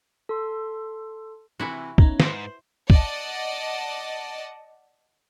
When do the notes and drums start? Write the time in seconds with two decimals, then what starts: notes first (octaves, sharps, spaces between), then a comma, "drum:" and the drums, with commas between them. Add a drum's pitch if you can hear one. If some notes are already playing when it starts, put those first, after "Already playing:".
0.29 A4 C6
1.60 C3 E3 E4 F#4
1.98 B3 C#4 D#4 A#5, drum: kick
2.20 G#2 B4 C5, drum: snare
2.90 D5 D#5 F#5 A5, drum: kick